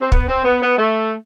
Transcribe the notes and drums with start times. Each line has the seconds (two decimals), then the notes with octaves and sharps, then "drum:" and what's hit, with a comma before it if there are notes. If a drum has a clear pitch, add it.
0.01 C4
0.12 B3, drum: kick
0.28 C4
0.45 B3
0.61 B3
0.78 A3